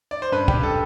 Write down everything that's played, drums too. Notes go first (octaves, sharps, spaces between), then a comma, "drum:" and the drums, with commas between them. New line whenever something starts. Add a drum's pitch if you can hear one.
D5
C5
G2 B4
G2 G4, drum: kick
A4